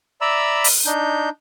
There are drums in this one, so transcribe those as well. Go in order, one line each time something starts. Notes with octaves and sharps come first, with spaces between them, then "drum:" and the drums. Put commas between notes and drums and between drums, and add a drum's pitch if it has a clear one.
D5 E5 A#5 B5 E6
drum: open hi-hat
D4 D#4 G6